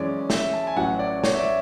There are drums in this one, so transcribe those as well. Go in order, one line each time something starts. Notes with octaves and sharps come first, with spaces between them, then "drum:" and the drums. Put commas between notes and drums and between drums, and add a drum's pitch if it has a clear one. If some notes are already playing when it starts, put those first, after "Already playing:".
Already playing: F#2 E3 G#3 C#4 D5
E5, drum: snare
A5
G#5
A1 A2 F#3 C#4 F#5
D5
C#5, drum: snare
E5
D5